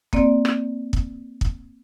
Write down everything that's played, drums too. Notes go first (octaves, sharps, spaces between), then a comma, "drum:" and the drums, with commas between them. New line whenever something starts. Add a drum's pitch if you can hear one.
A#3 C4 D5, drum: kick
drum: rim click
drum: kick
drum: kick